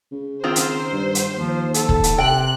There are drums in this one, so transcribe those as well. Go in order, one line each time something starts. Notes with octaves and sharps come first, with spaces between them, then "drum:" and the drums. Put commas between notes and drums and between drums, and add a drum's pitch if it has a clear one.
C#3
D#3 C4 F4 C5
drum: hi-hat
G2
drum: hi-hat
D#2 F3
A4, drum: hi-hat
drum: kick
drum: hi-hat
C3 G5 F#6